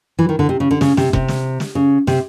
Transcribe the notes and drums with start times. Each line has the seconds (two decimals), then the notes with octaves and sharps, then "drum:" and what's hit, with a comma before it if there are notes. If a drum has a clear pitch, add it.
0.19 E3
0.29 D#3
0.39 D3
0.49 C3
0.60 C#3
0.71 D3
0.81 C#3, drum: snare
0.97 C3, drum: snare
1.13 C3, drum: kick F1
1.28 drum: snare
1.60 drum: snare
1.75 C#3
2.07 C3, drum: snare